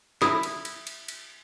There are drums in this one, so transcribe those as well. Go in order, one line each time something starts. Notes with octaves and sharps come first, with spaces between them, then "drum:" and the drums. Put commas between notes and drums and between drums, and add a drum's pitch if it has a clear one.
E4 D#6, drum: snare
drum: cymbal
drum: cymbal
drum: cymbal
drum: cymbal